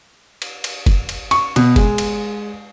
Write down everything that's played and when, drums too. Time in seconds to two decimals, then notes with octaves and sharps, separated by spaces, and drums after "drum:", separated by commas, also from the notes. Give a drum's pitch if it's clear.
0.42 drum: cymbal
0.64 drum: cymbal
0.86 drum: kick F#1, cymbal
1.09 drum: cymbal
1.31 C#6, drum: cymbal
1.56 B2, drum: cymbal
1.76 G#3, drum: kick F#1, cymbal
1.98 drum: cymbal